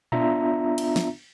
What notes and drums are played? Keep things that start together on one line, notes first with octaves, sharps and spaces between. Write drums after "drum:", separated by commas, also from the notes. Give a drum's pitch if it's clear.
B3 D4 F4 E5 A#5, drum: tom A#2
drum: cymbal
drum: snare